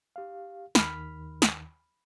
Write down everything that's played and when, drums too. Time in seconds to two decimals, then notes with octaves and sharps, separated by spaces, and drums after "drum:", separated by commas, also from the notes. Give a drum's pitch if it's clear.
0.16 G4 F5
0.75 D#2 D#3 B5 F6, drum: snare
1.42 drum: snare